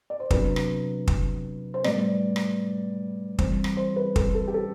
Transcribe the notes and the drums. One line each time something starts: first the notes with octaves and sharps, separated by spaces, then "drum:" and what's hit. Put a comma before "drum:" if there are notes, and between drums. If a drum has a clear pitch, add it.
D5
C5
C3 F#3 B3 D4 B4, drum: kick
drum: rim click
drum: kick
C5
A2 G3 B3 D5, drum: rim click
drum: rim click
E3 G3 C4 C5, drum: kick
drum: rim click
C5
B4
A4, drum: kick
A4
G4
A4